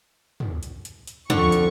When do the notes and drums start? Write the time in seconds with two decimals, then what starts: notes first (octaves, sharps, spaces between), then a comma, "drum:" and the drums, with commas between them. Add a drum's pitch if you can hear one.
0.40 drum: tom
0.63 drum: hi-hat
0.85 drum: hi-hat
1.07 drum: hi-hat
1.30 F2 D3 C#6, drum: tom
1.52 drum: hi-hat